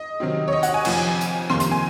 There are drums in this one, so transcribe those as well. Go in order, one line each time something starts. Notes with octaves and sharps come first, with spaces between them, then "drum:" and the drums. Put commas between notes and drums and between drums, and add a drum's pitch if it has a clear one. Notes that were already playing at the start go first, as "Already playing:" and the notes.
Already playing: D#5
C3 D#3 F#3 C4
C#5
D#5
F#5, drum: hi-hat
G#5
F2 C3 F3 C4, drum: cymbal
drum: hi-hat
F2 C3 D#3 A#3 C6, drum: rim click
C6, drum: hi-hat
G#5